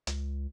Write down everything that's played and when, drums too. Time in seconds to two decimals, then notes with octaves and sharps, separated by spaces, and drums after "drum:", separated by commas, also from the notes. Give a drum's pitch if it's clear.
0.07 C#2, drum: hi-hat